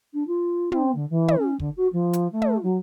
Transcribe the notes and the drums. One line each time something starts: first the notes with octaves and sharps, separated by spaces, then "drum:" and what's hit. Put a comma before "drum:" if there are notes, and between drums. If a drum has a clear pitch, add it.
D4
F4
C4, drum: tom
D3
E3
drum: tom
C#4
D3, drum: kick
F#4
F3
drum: hi-hat
A3
drum: tom
F#3